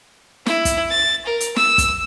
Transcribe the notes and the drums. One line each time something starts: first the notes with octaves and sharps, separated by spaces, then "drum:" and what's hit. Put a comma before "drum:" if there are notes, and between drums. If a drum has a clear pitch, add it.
E4, drum: snare
drum: kick, hi-hat
A6
A#4
drum: hi-hat
E6, drum: snare
drum: kick, hi-hat